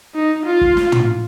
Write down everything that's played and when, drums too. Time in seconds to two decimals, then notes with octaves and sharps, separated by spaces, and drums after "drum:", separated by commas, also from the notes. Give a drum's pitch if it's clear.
0.15 D#4
0.46 F4
0.61 drum: kick
0.77 drum: snare
0.92 drum: tom